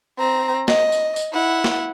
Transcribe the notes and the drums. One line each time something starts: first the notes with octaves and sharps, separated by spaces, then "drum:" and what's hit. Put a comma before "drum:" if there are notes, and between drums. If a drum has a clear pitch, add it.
C4 A#5
D#5, drum: snare
drum: tambourine
drum: tambourine
E4 F#5
drum: snare